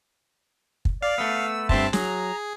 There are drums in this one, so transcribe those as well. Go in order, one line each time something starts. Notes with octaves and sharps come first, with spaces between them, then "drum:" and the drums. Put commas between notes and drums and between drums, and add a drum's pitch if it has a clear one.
drum: kick
D5 F5
A3 B3 E6
G2 C4 E5 A5 C6, drum: kick
F#3 G#4 A#5, drum: snare